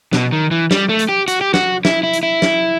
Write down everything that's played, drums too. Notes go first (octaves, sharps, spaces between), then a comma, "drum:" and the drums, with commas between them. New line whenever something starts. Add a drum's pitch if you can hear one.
B2, drum: snare
D#3
E3
G3, drum: snare
A3
drum: hi-hat
G4
F#4, drum: hi-hat
G4
F#4, drum: snare
E4, drum: snare
E4
drum: hi-hat
E4
drum: snare